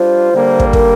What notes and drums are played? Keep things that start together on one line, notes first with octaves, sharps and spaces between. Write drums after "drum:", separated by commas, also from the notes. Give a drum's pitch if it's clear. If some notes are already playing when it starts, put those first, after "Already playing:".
Already playing: G3 D4 F4 C5
D3 G3 A#3
drum: kick
A#4, drum: kick